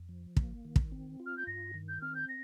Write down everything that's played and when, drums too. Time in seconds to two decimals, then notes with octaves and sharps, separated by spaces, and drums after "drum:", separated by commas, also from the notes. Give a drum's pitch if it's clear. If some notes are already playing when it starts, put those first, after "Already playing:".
Already playing: F2
0.09 F3
0.37 A#3, drum: kick
0.65 D#3
0.76 drum: kick
0.92 C4
1.20 F4
1.26 F6
1.37 G6
1.47 G2 A#6
1.74 D#3
1.88 G6
2.01 C4 F6
2.15 G6
2.28 A#6